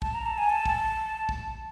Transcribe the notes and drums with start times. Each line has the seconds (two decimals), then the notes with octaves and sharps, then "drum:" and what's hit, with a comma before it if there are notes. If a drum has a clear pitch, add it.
0.02 A5, drum: kick
0.14 A#5
0.26 A5
0.38 G#5
0.50 A5
0.65 drum: kick
1.29 drum: kick